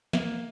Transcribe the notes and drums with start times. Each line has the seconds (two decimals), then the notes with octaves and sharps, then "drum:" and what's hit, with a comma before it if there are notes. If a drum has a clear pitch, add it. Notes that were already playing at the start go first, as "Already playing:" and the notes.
0.13 A#3, drum: snare